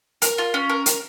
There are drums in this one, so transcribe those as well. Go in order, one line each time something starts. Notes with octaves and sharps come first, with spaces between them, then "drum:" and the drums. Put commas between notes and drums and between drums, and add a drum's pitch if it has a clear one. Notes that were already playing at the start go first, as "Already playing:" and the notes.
A#4, drum: hi-hat
F4
C#4
A#4
A#4, drum: hi-hat